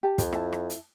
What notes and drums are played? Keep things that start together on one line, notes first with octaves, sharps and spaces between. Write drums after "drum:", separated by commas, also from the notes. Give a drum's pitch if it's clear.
G4 A5
F2, drum: kick, hi-hat
E4 A5, drum: rim click
drum: rim click
drum: hi-hat